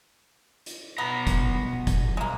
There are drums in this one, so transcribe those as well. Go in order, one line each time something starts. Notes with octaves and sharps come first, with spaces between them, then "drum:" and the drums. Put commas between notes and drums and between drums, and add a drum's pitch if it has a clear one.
drum: hi-hat
B2 B3 A#5
drum: kick, hi-hat
drum: kick, hi-hat
G#3 A#3